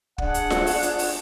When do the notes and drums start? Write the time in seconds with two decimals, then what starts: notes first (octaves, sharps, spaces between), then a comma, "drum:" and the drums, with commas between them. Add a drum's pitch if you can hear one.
0.18 D4 G#4 D5 F#5, drum: kick
0.34 drum: hi-hat
0.50 drum: snare F4
0.67 drum: open hi-hat
0.83 drum: hi-hat
0.99 drum: open hi-hat